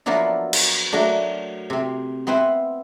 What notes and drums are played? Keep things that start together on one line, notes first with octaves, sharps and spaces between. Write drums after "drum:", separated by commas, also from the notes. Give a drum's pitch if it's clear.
F3 F#3 A#3 B3 D4 E4
drum: cymbal
F#3 A3 A#3 D4
C3 C4
B3 C4 E4 B4 C5